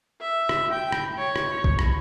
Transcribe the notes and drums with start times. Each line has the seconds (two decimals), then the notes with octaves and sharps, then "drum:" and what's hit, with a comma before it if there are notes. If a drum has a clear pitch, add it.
0.21 E5
0.49 drum: rim click
0.72 G5
0.92 drum: rim click
1.17 C#5
1.36 drum: rim click
1.64 drum: kick B1
1.79 drum: rim click